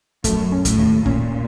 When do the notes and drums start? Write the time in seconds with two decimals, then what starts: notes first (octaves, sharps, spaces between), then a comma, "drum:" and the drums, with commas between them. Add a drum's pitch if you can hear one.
0.24 F#2 A3, drum: kick, hi-hat
0.52 C#4
0.65 A2, drum: kick, hi-hat
0.78 D#2
1.06 A#2 C#4, drum: kick